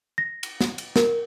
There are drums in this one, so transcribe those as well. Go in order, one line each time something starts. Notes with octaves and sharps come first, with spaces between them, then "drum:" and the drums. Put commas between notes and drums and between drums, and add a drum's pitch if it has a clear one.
A#6
drum: cymbal
drum: snare
drum: cymbal
A#4, drum: snare